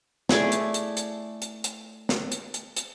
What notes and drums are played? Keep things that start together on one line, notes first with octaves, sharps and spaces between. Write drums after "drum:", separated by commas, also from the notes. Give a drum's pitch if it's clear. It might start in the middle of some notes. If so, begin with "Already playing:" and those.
A3 E4 G#4 D5, drum: snare
drum: hi-hat
drum: hi-hat
drum: hi-hat
drum: hi-hat
drum: hi-hat
drum: snare
drum: hi-hat
drum: hi-hat
drum: hi-hat